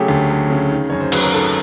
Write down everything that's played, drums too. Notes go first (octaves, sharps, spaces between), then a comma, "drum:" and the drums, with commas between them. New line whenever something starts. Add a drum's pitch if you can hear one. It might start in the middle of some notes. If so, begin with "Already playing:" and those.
Already playing: C#3 F#3 A3 G4 G#4
D2
F#3
C#3
D#3
F#2 C#5
C5
F#3 B4, drum: cymbal
A#4
G#1 A4